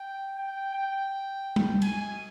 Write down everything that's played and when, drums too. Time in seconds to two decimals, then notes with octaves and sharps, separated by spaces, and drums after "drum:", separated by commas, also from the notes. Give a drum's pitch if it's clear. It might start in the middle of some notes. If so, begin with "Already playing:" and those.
Already playing: G5
0.37 G5
0.73 G5
1.56 drum: tom G3
1.82 G#5, drum: cymbal